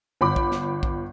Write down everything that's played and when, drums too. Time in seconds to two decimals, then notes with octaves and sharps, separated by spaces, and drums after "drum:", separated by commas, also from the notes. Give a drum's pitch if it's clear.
0.21 G1 B5 D6
0.36 drum: kick A#1
0.52 drum: snare
0.83 drum: kick A#1